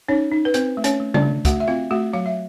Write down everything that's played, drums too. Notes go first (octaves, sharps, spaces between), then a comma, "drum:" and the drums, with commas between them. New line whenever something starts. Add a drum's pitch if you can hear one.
C#4 D#4 C#5
D#4
B4
C4 C5, drum: hi-hat
A3
C#4 C#5, drum: hi-hat
A3
D4 D5, drum: tom C#3
A3
A3 F#4 F#5, drum: kick, hi-hat
E5
C4 F4 F5
A3 F#4 F#5
F#3 F5
E5